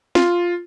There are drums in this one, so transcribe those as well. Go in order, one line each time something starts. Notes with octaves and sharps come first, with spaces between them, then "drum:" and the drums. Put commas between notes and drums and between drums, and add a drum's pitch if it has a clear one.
F4, drum: snare